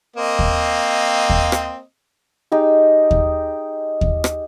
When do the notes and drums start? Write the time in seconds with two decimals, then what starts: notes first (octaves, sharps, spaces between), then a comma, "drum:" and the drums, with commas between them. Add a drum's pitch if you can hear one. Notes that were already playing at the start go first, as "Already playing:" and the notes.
0.16 A#3 C4 D#5
0.39 drum: kick D#2
1.30 drum: kick D#2
1.52 drum: rim click
2.52 D#4 G4 G#4
3.11 drum: kick D#2
4.01 drum: kick D#2
4.24 drum: rim click